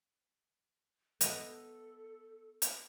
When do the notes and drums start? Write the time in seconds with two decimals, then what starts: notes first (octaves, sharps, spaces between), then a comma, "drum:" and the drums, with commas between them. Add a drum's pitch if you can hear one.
1.21 B3 A4 B4 D#5, drum: hi-hat
2.62 drum: hi-hat